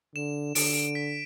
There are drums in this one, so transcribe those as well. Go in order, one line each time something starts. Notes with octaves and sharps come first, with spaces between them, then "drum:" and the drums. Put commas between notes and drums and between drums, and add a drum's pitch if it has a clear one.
D3 E7
D3 D7, drum: open hi-hat
D7
B6